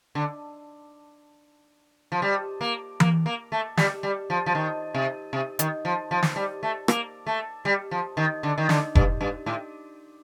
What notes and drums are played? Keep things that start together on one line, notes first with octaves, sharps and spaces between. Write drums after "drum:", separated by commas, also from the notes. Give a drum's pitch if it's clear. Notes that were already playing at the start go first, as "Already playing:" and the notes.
D3
F3
G3
A#3
A#3, drum: tom E3
A#3
A3
G3, drum: snare
G3
F3
F3
D#3
C3
C3
D#3, drum: hi-hat
F3
F3
drum: snare
G3
A3
A#3, drum: rim click
A3
G3
F3
D#3
D3
D#3
D3, drum: snare
G2, drum: kick F1
G2
A2